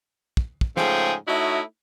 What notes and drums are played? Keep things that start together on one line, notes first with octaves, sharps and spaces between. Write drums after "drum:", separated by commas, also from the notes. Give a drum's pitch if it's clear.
drum: kick
drum: kick
G#2 C#3 F3 A3 G#4 G5, drum: snare
A3 D#4 E4 F#4 C#5 D#5